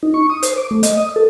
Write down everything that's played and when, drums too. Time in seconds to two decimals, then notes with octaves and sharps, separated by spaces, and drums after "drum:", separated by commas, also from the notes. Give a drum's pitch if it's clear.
0.03 D#4
0.14 C#6
0.30 D#6
0.43 C5, drum: hi-hat
0.57 D6
0.71 A3
0.83 D#5, drum: hi-hat
0.97 D#6
1.16 A4